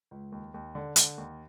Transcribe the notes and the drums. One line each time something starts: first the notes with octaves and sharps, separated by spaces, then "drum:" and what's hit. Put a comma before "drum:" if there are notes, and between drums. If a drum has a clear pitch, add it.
C#2
D#2
D#2
D3
D3, drum: hi-hat
D#2